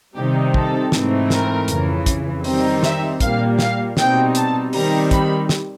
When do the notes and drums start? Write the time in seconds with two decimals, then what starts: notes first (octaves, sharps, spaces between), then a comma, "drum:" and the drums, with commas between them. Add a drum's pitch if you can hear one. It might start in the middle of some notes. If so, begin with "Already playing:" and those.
0.16 C3 D#3 G3 C4 D#4 G4
0.54 A4, drum: kick
0.92 G#2 E3 A3 C4 D#4, drum: snare
1.30 A#4, drum: snare
1.68 F2 C#3 E3, drum: hi-hat
2.06 drum: kick, hi-hat
2.44 D#3 G3 C4 D#4, drum: open hi-hat
2.83 E5, drum: snare
3.20 A#2 G3 A#3 F5, drum: kick, hi-hat
3.59 F5, drum: snare
3.97 B2 G3 C4 D#4 G5, drum: snare
4.35 A5, drum: hi-hat
4.73 D#3 G3 C4 D#4 A#5, drum: open hi-hat
5.11 B5, drum: kick, hi-hat
5.49 drum: snare